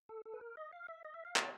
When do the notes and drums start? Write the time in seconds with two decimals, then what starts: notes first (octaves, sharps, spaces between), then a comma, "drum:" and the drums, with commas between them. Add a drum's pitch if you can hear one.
0.09 A4
0.25 A4
0.34 B4
0.41 A#4
0.57 D#5
0.72 F5
0.88 E5
1.05 D#5
1.14 E5
1.25 F5
1.36 C#5, drum: clap